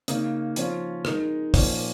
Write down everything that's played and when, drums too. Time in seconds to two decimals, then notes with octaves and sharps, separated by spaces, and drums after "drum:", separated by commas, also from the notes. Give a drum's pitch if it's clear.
0.08 C#3 A#3 D#4, drum: hi-hat
0.56 F3 C#4 F4, drum: hi-hat
1.05 G#3 D#4 A#4, drum: rim click
1.54 A#2 F3 A#3 C#4, drum: kick, open hi-hat